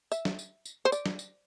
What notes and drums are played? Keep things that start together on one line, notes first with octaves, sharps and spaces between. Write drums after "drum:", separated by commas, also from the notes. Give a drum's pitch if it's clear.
E5, drum: tambourine
drum: snare
drum: tambourine
drum: tambourine
C5
D5, drum: tambourine
drum: snare
drum: tambourine